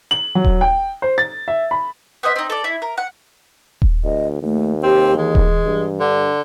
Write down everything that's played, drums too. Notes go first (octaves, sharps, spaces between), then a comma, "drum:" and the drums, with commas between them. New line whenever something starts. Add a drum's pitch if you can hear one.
F#7
F#3
drum: kick D#1
G5
C5
A6
E5
B5
B3 C5 D#5 E5
C4 D#4
A4 D5
E4
A#4
F#5
drum: kick D#1
D2 D#5
D#2 A3
C4 G4
E3 G#3
drum: kick D#1
G2
D3